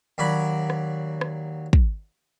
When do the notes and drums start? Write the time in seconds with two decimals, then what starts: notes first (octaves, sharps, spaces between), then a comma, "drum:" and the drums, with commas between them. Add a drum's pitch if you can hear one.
0.18 D#2 F#3 D5 B5
0.70 drum: rim click
1.21 drum: rim click
1.73 drum: kick